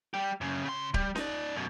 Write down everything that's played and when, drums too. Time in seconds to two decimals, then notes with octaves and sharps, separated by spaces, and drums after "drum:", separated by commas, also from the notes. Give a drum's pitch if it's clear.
0.14 G3 G4
0.41 F#2 C#3
0.65 C#3 C6
0.94 G3, drum: kick D1
1.15 D#4 D5, drum: snare C#4
1.56 F#2 B2